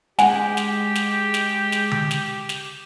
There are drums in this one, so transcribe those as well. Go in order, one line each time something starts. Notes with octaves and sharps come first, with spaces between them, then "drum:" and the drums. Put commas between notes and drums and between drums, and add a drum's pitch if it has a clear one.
G#3 G4 F#5 G#5, drum: snare
drum: snare
drum: snare
drum: snare
drum: snare
drum: tom D3
drum: snare
drum: snare